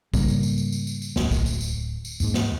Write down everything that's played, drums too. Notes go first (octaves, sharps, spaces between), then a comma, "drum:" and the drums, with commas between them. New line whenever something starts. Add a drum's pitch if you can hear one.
G#2 C#3 G3 A#3, drum: kick, tambourine
drum: tambourine
drum: tambourine
drum: tambourine
drum: tambourine
drum: tambourine
drum: tambourine
D1, drum: snare
drum: kick, tambourine
drum: tambourine
drum: tambourine
drum: tambourine
D#2 G#2, drum: tambourine
drum: snare